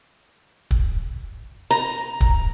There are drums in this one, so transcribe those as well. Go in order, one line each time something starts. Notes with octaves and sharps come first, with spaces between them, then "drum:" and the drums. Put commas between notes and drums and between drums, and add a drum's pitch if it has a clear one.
drum: kick
A#5
drum: kick